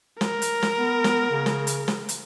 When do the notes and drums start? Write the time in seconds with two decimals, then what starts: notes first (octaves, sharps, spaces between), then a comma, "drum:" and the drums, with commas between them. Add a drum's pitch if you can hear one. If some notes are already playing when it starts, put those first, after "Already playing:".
0.21 A#4, drum: snare
0.42 drum: hi-hat
0.63 drum: snare
0.79 B3
1.04 drum: snare
1.31 C#3
1.46 drum: snare
1.67 drum: hi-hat
1.88 drum: snare
2.09 drum: hi-hat